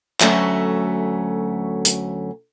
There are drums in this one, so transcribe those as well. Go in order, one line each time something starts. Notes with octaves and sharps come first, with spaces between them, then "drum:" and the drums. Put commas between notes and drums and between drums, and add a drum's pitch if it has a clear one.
D2 F#3 A3 C#4 E5, drum: clap
drum: hi-hat